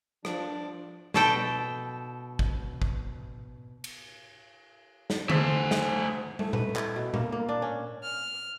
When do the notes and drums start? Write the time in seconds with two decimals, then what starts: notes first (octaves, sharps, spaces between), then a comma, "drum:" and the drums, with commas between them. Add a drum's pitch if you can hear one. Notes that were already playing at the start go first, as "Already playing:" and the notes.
0.25 F3 D4, drum: rim click
1.14 B2 A4 G5, drum: snare
2.39 drum: kick
2.82 drum: kick
3.84 drum: cymbal
5.10 drum: snare
5.30 A3 C5, drum: tom D3
5.71 drum: snare
6.39 A3, drum: tom
6.53 B4, drum: tom A#2
6.76 E4, drum: clap
6.96 B2
7.14 A#3, drum: tom A#2
7.32 A#3
7.49 D4
7.62 C#4
8.04 F6